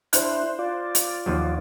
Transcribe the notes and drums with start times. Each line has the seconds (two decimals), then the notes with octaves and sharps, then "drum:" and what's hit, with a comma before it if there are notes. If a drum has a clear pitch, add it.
0.13 D4 E4 C5 F#6, drum: hi-hat
0.59 F4 D5
0.95 drum: hi-hat
1.26 D#2 F3 F#3